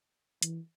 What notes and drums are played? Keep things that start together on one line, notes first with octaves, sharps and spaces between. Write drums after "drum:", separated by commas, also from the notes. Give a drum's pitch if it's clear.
E3, drum: hi-hat